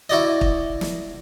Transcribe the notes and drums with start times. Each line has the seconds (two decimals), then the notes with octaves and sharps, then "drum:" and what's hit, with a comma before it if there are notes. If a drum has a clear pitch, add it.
0.10 E4 F#4 D5 D#5
0.41 drum: kick
0.81 drum: snare